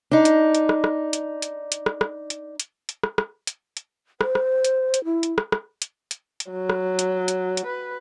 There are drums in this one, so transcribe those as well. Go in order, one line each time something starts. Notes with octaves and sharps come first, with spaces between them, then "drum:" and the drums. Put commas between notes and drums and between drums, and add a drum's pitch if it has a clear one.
D4 D#4
drum: hi-hat
drum: hi-hat
drum: rim click
drum: rim click
drum: hi-hat
drum: hi-hat
drum: hi-hat
drum: rim click
drum: rim click
drum: hi-hat
drum: hi-hat
drum: hi-hat
drum: rim click
drum: rim click
drum: hi-hat
drum: hi-hat
C5, drum: rim click
drum: rim click
drum: hi-hat
drum: hi-hat
E4
drum: hi-hat
drum: rim click
drum: rim click
drum: hi-hat
drum: hi-hat
drum: hi-hat
F#3
drum: rim click
drum: hi-hat
drum: hi-hat
drum: hi-hat
B4